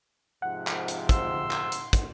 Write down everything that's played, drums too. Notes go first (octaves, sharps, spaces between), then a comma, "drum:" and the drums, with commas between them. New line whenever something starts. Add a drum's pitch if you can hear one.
G#2 C3 F3 F#5
drum: clap
drum: hi-hat
C6 E6, drum: kick, hi-hat
drum: clap
drum: hi-hat
drum: kick, hi-hat